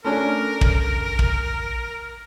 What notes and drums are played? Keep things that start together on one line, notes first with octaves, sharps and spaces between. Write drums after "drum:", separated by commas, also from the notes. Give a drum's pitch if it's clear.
A3 C#4 D4 A#4
drum: kick
drum: kick